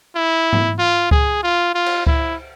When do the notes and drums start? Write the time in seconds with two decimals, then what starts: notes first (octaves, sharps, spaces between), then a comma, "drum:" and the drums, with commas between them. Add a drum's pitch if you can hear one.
0.15 E4
0.53 drum: tom G#2
0.79 F4
1.11 G#4, drum: kick C#2
1.43 F4
1.74 F4
1.86 drum: cymbal
2.07 E4, drum: kick C#2